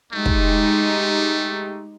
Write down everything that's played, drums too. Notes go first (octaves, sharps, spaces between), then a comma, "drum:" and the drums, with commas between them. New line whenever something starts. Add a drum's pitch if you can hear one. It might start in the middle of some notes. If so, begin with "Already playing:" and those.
G#3 A3 D#4 G4
drum: kick